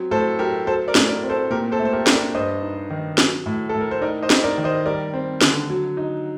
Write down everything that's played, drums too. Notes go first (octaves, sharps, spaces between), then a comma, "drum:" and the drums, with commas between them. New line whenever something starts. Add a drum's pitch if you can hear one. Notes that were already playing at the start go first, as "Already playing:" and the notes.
Already playing: F#3 C4
A2 A4 C5
F#3 G4 A#4
F#3 A4 C5
A#4 D5
A2, drum: snare
A#4 D5
C4
A4 C5
A#2 G4 A#4
A4 C5
A3
C5
G4 A#4
D4, drum: snare
A#4 D5
G2 C5 D#5
D#4
D#3
F#3, drum: snare
A2
A2 A4
A#4
C5
D#4 A#4 D5
C5 D#5
D#4, drum: snare
A#4 D5
D#3
C5 D#5
G3 A#4 D5
C4
D3, drum: snare
F#3
D#4